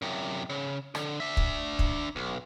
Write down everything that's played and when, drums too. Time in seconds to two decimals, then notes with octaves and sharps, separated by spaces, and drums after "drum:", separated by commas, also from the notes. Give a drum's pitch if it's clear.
0.02 F#2 C3
0.50 C#3
0.95 D3, drum: rim click
1.20 D4 E5
1.37 drum: kick
1.79 drum: kick
2.16 B1